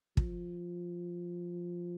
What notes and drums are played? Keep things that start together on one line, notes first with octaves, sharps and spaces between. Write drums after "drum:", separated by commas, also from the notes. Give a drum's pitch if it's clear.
F3, drum: kick